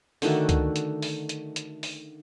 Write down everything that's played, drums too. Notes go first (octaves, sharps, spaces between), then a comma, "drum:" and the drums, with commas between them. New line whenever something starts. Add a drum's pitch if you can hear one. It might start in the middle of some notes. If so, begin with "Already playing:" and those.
D3 D#3 A3 F#4, drum: open hi-hat
drum: kick C#2, hi-hat
drum: hi-hat
drum: open hi-hat
drum: hi-hat
drum: hi-hat
drum: open hi-hat